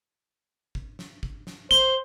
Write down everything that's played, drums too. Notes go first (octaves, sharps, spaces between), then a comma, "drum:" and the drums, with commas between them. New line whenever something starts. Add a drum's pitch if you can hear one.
drum: kick G1
drum: snare
drum: kick G1
drum: snare
C5 G7, drum: kick G1